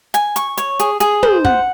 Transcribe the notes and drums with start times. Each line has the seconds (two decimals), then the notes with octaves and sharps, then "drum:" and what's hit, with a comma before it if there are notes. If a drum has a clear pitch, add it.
0.14 G#5, drum: hi-hat
0.36 C#6, drum: hi-hat
0.57 C#5, drum: hi-hat
0.79 G#4, drum: hi-hat
1.00 G#4, drum: hi-hat
1.23 C5, drum: tom
1.45 F#5, drum: kick